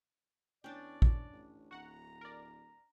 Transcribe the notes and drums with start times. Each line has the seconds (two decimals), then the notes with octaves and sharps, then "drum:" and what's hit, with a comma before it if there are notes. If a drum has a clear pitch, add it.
0.64 E2 C#4 D4 D5 G5 A6
1.02 drum: kick
1.33 A1
1.71 D1 F#4 F#5 A#5
2.21 A#4 D5